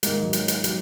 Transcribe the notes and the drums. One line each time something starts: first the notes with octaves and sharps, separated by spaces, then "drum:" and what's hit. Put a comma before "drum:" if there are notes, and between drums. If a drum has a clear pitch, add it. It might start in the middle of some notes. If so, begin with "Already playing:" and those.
G#2 D#3 G#3 A#3 D#4, drum: hi-hat
F#3
drum: hi-hat
drum: hi-hat
F#3, drum: hi-hat